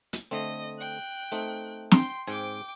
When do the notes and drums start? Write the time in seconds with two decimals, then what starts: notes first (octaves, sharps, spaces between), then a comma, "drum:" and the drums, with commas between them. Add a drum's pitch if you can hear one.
0.13 drum: hi-hat
0.31 D3 A3 C4 D#5
0.79 G5 F#6
1.32 A3 C4 D#4
1.91 G5 C6, drum: snare
2.27 G#2 C4 G5 G#5 D6